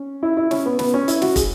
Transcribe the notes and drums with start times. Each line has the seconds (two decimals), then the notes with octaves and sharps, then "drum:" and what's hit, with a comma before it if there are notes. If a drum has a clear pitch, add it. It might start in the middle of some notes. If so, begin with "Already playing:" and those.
Already playing: C#4
0.23 E4
0.37 E4
0.51 C#4, drum: snare
0.66 B3
0.79 B3, drum: snare
0.94 C#4
1.08 E4, drum: hi-hat
1.22 F#4, drum: snare
1.36 G#4, drum: kick, hi-hat